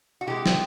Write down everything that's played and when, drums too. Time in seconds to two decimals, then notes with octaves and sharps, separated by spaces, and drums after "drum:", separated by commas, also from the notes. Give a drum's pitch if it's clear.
0.21 F#4
0.27 C3 E3 G#3 G4
0.46 drum: snare